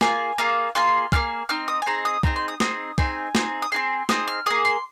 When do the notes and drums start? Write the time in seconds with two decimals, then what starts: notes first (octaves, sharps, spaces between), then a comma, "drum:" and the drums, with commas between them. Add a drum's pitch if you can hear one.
0.01 A#3 F4 G#4 G#5, drum: snare
0.38 A#3 F4 G#4
0.75 A#3 F4 G#4 C6
1.12 A#3 F4 G#4 F6, drum: kick
1.49 C4 D#4 F6
1.68 D#6
1.82 G#5
1.86 C4 D#4 G#4 A#5
2.05 D#6
2.23 C4 D#4 G#4 A#5, drum: kick
2.36 C6
2.48 D#6
2.60 C4 D#4 G#4 D#6, drum: snare
2.98 C4 D#4 G#4 G#5, drum: kick
3.35 C4 D#4 G#4, drum: snare
3.62 D#6
3.72 C4 D#4 G#4 C6
4.09 C4 D#4 G#4 D#6, drum: snare
4.28 F6
4.46 A#3 G#4 D#6
4.65 C6